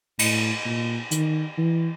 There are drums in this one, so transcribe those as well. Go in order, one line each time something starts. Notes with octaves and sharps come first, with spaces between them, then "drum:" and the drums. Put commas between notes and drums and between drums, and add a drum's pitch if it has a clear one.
A2, drum: cymbal
A#2
D#3, drum: hi-hat
E3